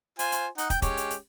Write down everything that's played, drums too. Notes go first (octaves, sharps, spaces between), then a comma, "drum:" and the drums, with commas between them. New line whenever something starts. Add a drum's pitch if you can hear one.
F4 C5 G#5, drum: hi-hat
drum: hi-hat
D#4 F#5, drum: hi-hat
G5, drum: kick, hi-hat
G#3 C#4 G4, drum: kick, hi-hat
drum: hi-hat
drum: hi-hat